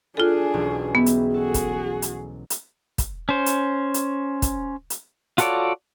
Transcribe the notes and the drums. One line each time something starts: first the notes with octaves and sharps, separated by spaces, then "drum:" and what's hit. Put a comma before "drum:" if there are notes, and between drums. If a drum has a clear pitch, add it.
D4 F4 G#4 A4 G#5 F#6
E1 B1 C#4
G3 B3 G#4 E5
drum: hi-hat
F#4 G#4 A4
drum: kick, hi-hat
drum: hi-hat
drum: hi-hat
drum: kick, hi-hat
C#4 C5
drum: hi-hat
drum: hi-hat
drum: kick, hi-hat
drum: hi-hat
F4 F#4 A4 C#5 D5, drum: hi-hat